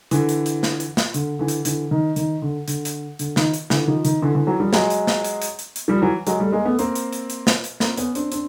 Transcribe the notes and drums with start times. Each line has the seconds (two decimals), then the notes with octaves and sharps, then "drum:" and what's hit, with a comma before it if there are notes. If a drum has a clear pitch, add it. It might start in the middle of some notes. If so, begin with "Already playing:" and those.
0.11 D3 E3, drum: hi-hat
0.29 drum: hi-hat
0.46 drum: hi-hat
0.63 drum: snare
0.80 drum: hi-hat
0.97 drum: snare
1.14 D3, drum: hi-hat
1.39 D3 E3
1.48 drum: hi-hat
1.65 D3 E3, drum: hi-hat
1.91 D#3
2.16 D#3, drum: hi-hat
2.42 D3
2.68 D3, drum: hi-hat
2.85 drum: hi-hat
3.19 D3, drum: hi-hat
3.36 D#3, drum: snare
3.54 drum: hi-hat
3.70 D3 E3, drum: snare
3.88 D#3 F3
4.05 D#3, drum: hi-hat
4.22 D3 E3
4.35 D3 E3
4.47 E3 F#3
4.60 F3 G3
4.73 F#3 G#3, drum: snare
4.90 drum: hi-hat
5.07 drum: snare
5.25 drum: hi-hat
5.42 drum: hi-hat
5.59 drum: hi-hat
5.76 drum: hi-hat
5.88 F3 G3
6.02 E3 F#3
6.27 F#3 G#3, drum: hi-hat
6.40 G3 A3
6.52 G#3 A#3
6.65 A3 B3
6.79 A#3 C4, drum: hi-hat
6.95 drum: hi-hat
7.13 drum: hi-hat
7.30 drum: hi-hat
7.47 drum: snare
7.64 drum: hi-hat
7.80 A#3 C4, drum: snare
7.97 B3 C#4, drum: hi-hat
8.15 C4 D4, drum: hi-hat
8.32 C4 D4, drum: hi-hat